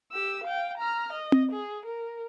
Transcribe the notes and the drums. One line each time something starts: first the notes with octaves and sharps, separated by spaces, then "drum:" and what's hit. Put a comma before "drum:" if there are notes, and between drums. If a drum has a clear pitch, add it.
G4 E6
F5 G5
A#5 F6
D#5
drum: tom C4
G#4
A#4